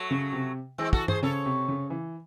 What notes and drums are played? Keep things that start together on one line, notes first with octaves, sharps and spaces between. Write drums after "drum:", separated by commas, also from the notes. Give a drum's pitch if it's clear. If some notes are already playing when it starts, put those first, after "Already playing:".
Already playing: F#3 A3
C#3
C3
E3 G#3 C4
F#4 A4, drum: kick
G#4 C5, drum: tom G2
C#3 A4 C#5
C3
C#3
E3